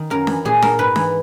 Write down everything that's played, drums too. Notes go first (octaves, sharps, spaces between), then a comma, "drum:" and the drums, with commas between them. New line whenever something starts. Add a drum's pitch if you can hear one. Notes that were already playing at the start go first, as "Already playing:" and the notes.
Already playing: D#3
F#2 A#4
E3, drum: snare D4
A#2 G#4
A#4, drum: snare D4
G#2 B4
E3, drum: snare D4